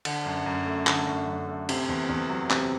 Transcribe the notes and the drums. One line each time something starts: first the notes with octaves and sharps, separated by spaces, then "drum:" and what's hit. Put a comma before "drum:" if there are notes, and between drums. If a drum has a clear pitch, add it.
D3, drum: cymbal
F#2
F#2
A3
D3, drum: clap
F#2
F#2
A3
C3, drum: cymbal
E2
E2
F#3
C3, drum: clap